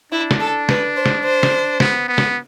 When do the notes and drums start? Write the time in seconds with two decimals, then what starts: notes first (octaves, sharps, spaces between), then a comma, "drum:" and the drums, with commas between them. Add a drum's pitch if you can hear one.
0.12 D4 E4
0.31 drum: snare
0.40 A4
0.69 B4, drum: snare
0.97 C5
1.06 drum: snare
1.24 C5
1.43 drum: snare
1.80 B3, drum: snare
2.08 B3
2.18 drum: snare